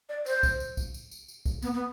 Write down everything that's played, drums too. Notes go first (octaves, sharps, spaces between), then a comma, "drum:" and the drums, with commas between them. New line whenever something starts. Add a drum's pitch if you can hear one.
D5
C5, drum: tambourine
drum: kick, tambourine
drum: tambourine
drum: kick, tambourine
drum: tambourine
drum: tambourine
drum: tambourine
drum: kick, tambourine
B3, drum: tambourine
B3